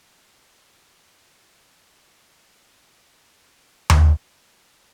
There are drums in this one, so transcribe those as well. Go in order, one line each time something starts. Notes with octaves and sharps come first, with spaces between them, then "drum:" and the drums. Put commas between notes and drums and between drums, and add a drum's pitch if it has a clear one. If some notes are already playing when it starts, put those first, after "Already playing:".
G5
G3 A3 B3 D#4 F4 G#4
drum: tom D#2